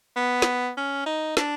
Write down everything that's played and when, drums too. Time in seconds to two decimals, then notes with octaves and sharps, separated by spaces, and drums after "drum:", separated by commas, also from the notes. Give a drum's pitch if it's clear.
0.16 B3
0.42 drum: snare
0.77 C#4
1.06 D#4
1.37 D4, drum: snare